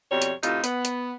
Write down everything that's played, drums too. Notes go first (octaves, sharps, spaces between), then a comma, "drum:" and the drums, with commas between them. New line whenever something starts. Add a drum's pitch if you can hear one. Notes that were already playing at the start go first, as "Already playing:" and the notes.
F2 B2 G3 C#5
drum: hi-hat
A2 C3 D#4 F4, drum: hi-hat
B3, drum: hi-hat
drum: hi-hat